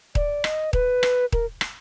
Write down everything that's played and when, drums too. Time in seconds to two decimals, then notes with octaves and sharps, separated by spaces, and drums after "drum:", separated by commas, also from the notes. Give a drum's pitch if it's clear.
0.15 D5, drum: kick D#1
0.44 D#5, drum: rim click
0.73 B4, drum: kick D#1
1.03 drum: rim click
1.32 A#4, drum: kick D#1
1.61 drum: rim click